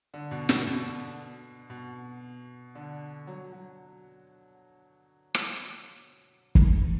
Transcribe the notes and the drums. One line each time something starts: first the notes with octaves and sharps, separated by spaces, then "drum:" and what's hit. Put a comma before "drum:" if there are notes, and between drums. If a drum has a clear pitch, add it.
D3
B2
B2, drum: snare
B2
B2
D3
F#3
F#3
drum: rim click
drum: kick